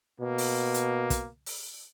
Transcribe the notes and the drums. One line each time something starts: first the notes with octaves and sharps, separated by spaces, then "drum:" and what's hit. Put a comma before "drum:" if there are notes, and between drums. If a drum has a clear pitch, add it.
B2 A#3
drum: open hi-hat
drum: hi-hat
drum: kick, hi-hat
drum: open hi-hat